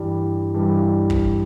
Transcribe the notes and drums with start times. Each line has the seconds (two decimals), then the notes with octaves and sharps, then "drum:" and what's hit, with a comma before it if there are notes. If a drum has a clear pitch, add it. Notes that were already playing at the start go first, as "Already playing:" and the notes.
Already playing: G2 E3 G3
0.55 G2 E3 G3
1.10 drum: kick